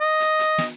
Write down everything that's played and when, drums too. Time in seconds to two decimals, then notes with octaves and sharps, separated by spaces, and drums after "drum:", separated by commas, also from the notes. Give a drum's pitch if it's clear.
0.01 D#5
0.20 drum: hi-hat
0.39 drum: hi-hat
0.58 drum: snare